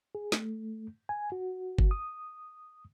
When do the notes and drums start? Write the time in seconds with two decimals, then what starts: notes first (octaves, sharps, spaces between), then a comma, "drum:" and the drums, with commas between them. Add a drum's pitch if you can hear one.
0.15 G#4
0.32 A3, drum: snare
1.09 G#5
1.32 F#4
1.79 drum: kick G1
1.91 D#6